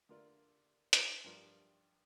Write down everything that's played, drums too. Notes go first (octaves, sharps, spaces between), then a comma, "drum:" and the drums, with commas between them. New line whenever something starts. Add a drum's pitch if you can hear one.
D3 A#3 F4 A#4 D5
drum: hi-hat
G2 F3 D4 F4 A#4